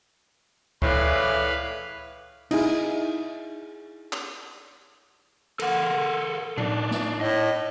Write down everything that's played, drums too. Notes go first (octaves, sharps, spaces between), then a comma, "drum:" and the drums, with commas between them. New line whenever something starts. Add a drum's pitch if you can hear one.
E2 A2 E3 B4 F5, drum: kick C#2
D#4 E4 G#4, drum: cymbal
drum: clap
A4 A#4 F#5, drum: cymbal
D4 D#4, drum: tom A2
drum: snare
A2 D#5